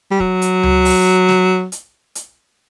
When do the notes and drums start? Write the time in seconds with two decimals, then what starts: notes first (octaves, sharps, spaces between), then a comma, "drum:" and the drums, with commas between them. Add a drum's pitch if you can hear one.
0.11 G3
0.20 F#3, drum: kick
0.42 drum: hi-hat
0.63 drum: tom C#2
0.85 drum: open hi-hat
1.28 drum: snare
1.72 drum: hi-hat
2.15 drum: hi-hat